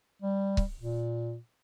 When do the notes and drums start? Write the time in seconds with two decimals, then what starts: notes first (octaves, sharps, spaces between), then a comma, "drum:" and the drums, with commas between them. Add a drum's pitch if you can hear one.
0.22 G3
0.57 drum: kick C#1
0.81 A#2